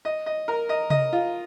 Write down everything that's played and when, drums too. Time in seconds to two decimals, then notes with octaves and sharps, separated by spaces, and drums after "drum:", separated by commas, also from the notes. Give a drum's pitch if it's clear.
0.05 D#5
0.26 D#5
0.48 A#4
0.69 D#5
0.90 D#5, drum: tom C3
1.13 F4